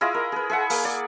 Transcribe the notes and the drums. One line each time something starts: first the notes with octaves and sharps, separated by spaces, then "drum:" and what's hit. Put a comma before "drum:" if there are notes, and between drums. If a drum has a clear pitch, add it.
E4 F4 G#4 D#5
A#4
G#4 B4
G#4 E5 F#5
A#3, drum: open hi-hat
D5